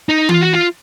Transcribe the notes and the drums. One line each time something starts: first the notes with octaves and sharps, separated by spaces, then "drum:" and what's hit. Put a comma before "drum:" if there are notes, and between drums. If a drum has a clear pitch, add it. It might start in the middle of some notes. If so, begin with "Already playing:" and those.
D#4
F4, drum: tom E3
F#4
F4